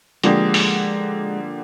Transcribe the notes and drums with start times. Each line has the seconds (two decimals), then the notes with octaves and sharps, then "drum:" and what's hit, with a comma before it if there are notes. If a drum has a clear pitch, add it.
0.23 D3 F3 G#3 A#3 D4 G4, drum: hi-hat
0.54 drum: open hi-hat